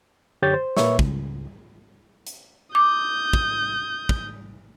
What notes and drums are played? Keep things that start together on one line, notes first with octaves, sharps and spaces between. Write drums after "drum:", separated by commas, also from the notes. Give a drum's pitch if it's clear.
F#2 D3 G4 C#5 G6 A6
C5
A#2 A#3 B4 C#5 E5 C#6, drum: snare
C#2, drum: kick
drum: hi-hat
D6 D#6 G6
drum: kick
drum: kick